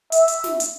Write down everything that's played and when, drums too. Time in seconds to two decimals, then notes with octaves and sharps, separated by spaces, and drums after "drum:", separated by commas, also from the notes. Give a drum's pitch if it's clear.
0.12 E5, drum: hi-hat
0.28 drum: hi-hat
0.44 drum: snare
0.60 drum: hi-hat